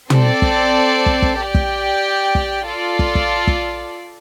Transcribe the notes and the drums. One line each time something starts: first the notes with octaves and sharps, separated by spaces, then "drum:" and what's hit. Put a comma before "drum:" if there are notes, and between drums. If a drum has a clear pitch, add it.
C4 A4 D5, drum: tom
drum: kick
drum: kick
drum: kick
G4 D5 G5
drum: kick
drum: kick
F4 A4 D5
drum: kick
drum: kick
drum: kick